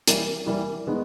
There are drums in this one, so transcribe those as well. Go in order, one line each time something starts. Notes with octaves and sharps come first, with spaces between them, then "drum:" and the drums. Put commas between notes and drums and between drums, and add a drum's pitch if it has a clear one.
E3 G3 A#3, drum: hi-hat
E3 G3 A#3
D#3 G#3 B3